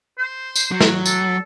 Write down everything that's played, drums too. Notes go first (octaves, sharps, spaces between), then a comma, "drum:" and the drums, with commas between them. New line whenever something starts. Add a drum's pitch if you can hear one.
C5
drum: tambourine
F#3
drum: snare
A4, drum: tambourine